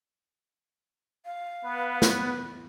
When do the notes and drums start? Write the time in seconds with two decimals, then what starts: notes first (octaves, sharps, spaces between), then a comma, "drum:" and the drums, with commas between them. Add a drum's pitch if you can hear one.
1.26 F5
1.64 B3 B4
2.02 drum: snare